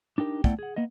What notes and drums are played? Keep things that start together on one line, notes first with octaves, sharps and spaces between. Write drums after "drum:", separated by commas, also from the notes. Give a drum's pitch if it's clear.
D4 D#4 G4 A#4
A3 B3 E4 D5 F#5 G5, drum: kick
G#4 F#5
A#3 B3 D#5